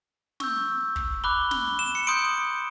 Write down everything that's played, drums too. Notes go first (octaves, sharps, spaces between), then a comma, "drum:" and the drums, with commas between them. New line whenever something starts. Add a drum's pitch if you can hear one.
C#6 E6 G6, drum: snare
drum: kick
B5 D6 F#6 G7
G7, drum: snare
E7
C#7
C6 D#6 G6 D7